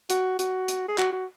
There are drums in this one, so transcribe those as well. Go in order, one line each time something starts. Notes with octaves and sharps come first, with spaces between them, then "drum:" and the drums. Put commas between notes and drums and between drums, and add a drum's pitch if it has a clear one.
F#4, drum: hi-hat
F#4, drum: hi-hat
drum: hi-hat
G#4
F#4, drum: clap
F#4